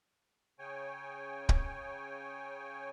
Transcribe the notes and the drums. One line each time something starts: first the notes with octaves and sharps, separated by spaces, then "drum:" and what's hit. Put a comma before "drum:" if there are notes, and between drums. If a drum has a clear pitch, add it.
C#3 C#5 G5 G#5
drum: kick